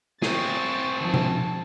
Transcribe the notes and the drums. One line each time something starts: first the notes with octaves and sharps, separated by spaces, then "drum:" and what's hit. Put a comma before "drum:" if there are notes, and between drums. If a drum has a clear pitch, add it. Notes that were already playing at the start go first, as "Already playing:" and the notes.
C4 G#4 C#6 A6, drum: snare
D#3 F3 A5
drum: tom B2